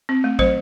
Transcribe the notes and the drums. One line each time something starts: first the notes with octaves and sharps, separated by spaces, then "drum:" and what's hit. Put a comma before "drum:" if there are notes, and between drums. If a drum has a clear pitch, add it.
C4
A3
F#3 C5, drum: kick